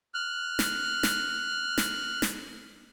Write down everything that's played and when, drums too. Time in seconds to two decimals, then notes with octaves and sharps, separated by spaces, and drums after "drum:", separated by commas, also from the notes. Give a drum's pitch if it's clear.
0.14 F6 F#6
0.59 drum: snare
1.03 drum: snare
1.78 drum: snare
2.22 drum: snare